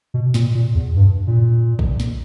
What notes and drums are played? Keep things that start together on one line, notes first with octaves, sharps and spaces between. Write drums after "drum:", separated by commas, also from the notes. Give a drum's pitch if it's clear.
B2
A#2, drum: snare
A#2
E2
G2
A#2
drum: kick A#1
drum: snare